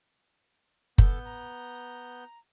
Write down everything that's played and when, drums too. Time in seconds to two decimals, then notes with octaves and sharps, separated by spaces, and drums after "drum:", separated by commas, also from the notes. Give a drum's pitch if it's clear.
0.98 B3 A4 G6, drum: kick F#1
1.25 A#5